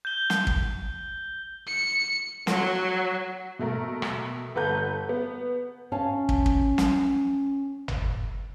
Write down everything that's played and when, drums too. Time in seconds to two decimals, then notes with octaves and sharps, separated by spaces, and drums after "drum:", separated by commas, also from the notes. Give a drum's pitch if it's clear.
0.05 G6 G7
0.30 drum: snare
0.47 drum: kick
1.67 C#7
2.47 F#3, drum: snare
3.59 B2 A3 A#4
4.02 drum: rim click
4.55 G1 A4 B4 F#5 A#5 G6
5.09 B3
5.92 C#4 C#5 F5 A5
6.29 drum: kick
6.46 drum: kick
6.78 drum: snare
7.88 drum: tom